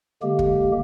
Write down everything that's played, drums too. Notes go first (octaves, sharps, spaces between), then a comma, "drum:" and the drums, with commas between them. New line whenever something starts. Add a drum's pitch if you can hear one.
D3 G#3 A#3 G4
drum: kick